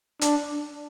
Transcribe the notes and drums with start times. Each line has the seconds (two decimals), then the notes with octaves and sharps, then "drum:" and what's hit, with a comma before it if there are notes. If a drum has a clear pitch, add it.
0.21 D4, drum: hi-hat